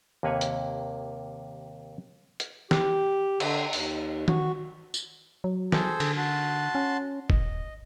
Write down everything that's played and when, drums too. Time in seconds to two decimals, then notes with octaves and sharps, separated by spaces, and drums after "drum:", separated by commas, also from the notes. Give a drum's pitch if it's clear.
0.23 D#2 C3 A#3 B4 C#5 G#5
0.41 drum: hi-hat
2.40 drum: hi-hat
2.71 G4, drum: snare
3.40 D3, drum: cymbal
3.73 D#2, drum: open hi-hat
4.28 F#4, drum: tom D#3
4.94 drum: tambourine
5.44 F#3
5.72 G#4 A4 C5, drum: snare
6.00 D3, drum: cymbal
6.17 F#4 A5 C6
6.75 C#4
7.30 D#1 D#5, drum: kick